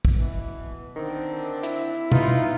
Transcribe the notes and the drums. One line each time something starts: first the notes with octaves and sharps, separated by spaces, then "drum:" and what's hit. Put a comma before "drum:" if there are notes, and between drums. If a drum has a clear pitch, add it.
drum: kick
B2 E3
D3 D#3 C4 D4
E4, drum: hi-hat
B3 D#4 F4, drum: tom